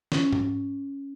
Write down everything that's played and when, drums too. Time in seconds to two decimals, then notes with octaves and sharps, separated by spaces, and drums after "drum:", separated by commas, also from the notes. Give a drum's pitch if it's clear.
0.12 C#4, drum: snare
0.33 drum: tom G#2